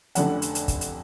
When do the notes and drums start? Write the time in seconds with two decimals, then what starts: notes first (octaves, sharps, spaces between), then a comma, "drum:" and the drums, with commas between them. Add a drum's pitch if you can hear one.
0.15 F1 F2 D3 F#5, drum: hi-hat
0.42 drum: hi-hat
0.55 drum: hi-hat
0.68 drum: kick, hi-hat
0.81 drum: hi-hat